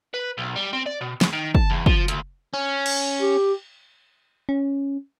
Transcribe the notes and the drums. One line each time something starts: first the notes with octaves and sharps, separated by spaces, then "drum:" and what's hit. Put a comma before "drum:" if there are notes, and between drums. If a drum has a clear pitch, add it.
B4
B1
G3
C4
D5
B2
E2, drum: snare
D#3
A5, drum: kick
E2
F3, drum: kick
D2, drum: hi-hat
C#4
drum: cymbal
G4
C#4